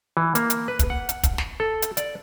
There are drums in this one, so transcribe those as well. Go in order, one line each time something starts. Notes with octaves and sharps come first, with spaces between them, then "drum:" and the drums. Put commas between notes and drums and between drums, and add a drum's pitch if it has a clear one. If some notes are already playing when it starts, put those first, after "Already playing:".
E3
A#3, drum: hi-hat
drum: hi-hat
B4
drum: kick, hi-hat
F#5
drum: hi-hat
drum: kick, hi-hat
drum: snare
A4
drum: hi-hat
D5, drum: hi-hat